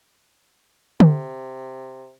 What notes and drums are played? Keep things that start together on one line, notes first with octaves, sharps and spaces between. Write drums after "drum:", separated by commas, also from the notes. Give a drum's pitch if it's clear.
C3, drum: tom D3